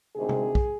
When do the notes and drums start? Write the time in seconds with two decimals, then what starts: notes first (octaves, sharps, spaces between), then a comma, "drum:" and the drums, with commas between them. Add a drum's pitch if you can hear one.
0.16 D2 C3 D#3 G#3 C4 G#4
0.29 drum: tom C3
0.55 drum: kick